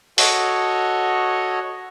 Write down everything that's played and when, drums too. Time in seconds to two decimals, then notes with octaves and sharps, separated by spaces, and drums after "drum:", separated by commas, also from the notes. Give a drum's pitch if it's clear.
0.18 F#4 A4 C#5 D#5, drum: open hi-hat